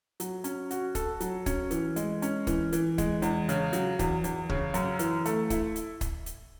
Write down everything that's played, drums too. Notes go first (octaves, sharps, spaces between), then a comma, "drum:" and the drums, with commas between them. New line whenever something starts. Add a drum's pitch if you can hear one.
F#3, drum: hi-hat
C#4, drum: hi-hat
F#4, drum: hi-hat
A4, drum: kick, hi-hat
F#3, drum: hi-hat
C#4, drum: kick, hi-hat
E3, drum: hi-hat
G#3, drum: hi-hat
C#4, drum: hi-hat
E3, drum: kick, hi-hat
E3, drum: hi-hat
G#3, drum: kick, hi-hat
E2, drum: hi-hat
C#3, drum: hi-hat
F#3, drum: hi-hat
E2, drum: kick, hi-hat
E2, drum: hi-hat
C#3, drum: kick
F#2, drum: hi-hat
E3, drum: hi-hat
A3, drum: hi-hat
E4, drum: kick, hi-hat
drum: hi-hat
drum: kick, hi-hat
drum: hi-hat